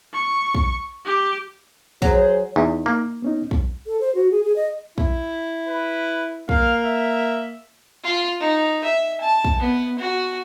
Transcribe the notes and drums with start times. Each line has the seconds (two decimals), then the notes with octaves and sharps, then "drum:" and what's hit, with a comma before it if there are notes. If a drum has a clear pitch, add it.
0.13 C#6
0.55 drum: kick
1.05 G4
2.02 F#3 G#4 C5, drum: kick
2.56 E2 D#4
2.86 A#3
3.22 B3 C#4 D#4
3.51 drum: kick
3.87 A4
4.01 C5
4.15 F#4
4.31 G#4
4.44 G#4
4.56 D#5
4.98 E4, drum: kick
5.68 B4
6.49 A#3 F5, drum: kick
6.86 E5
8.04 F4
8.40 D#4
8.84 E5
9.21 A5
9.45 drum: kick
9.60 B3
9.99 F#4